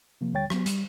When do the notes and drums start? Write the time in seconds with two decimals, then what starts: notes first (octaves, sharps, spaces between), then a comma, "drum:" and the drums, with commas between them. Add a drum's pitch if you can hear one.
0.21 C3 F3 A#3
0.33 D2 D3 G3 C#5 G5 A6
0.50 F#3 B3, drum: rim click
0.66 G3, drum: hi-hat